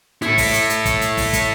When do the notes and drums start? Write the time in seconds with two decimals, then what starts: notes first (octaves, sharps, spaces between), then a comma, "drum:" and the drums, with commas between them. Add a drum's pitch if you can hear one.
0.22 E4 A4, drum: snare
0.38 drum: kick, open hi-hat
0.54 drum: hi-hat
0.70 drum: hi-hat
0.85 drum: kick, hi-hat
1.01 drum: hi-hat
1.17 drum: kick, open hi-hat
1.33 drum: kick, hi-hat